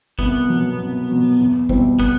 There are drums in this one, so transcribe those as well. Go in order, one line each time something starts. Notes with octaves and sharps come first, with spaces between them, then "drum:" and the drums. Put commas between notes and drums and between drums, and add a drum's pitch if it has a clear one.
C2 B3, drum: kick
B2 F#3
C2
B2 F#3
E2
B2 G3 C4 E4, drum: kick
B3, drum: kick